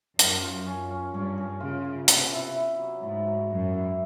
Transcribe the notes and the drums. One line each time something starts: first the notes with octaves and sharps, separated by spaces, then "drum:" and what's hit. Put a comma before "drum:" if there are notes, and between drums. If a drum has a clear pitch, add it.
F#2 A#4, drum: hi-hat
F4
C#4
C#4
G2 C#4
C#4
C#3 F4
F4
C3 B3, drum: hi-hat
E4
E4
F#3
G#2 E4
F#3
F#2 F#3
E4